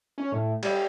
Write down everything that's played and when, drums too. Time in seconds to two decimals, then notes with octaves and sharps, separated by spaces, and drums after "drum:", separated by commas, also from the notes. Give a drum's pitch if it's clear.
0.18 C#4
0.32 A2
0.63 G3, drum: cymbal